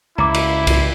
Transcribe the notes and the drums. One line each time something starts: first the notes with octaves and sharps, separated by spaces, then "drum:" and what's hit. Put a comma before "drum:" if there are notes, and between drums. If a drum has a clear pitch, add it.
C#2 E4 A#5 D6
drum: cymbal
drum: kick C2, cymbal